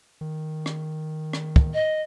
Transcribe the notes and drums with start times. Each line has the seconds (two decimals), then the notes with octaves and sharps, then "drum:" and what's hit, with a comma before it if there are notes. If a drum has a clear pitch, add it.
0.21 D#3
0.66 drum: rim click
1.33 drum: rim click
1.56 drum: kick
1.74 D#5